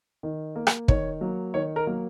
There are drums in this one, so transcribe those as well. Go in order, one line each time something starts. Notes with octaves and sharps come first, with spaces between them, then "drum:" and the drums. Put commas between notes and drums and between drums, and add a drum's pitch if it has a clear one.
D#3
A#3
drum: rim click
D#3 C#5, drum: kick
F#3 A#3
D#3 C#5
A#4
F#3 A#3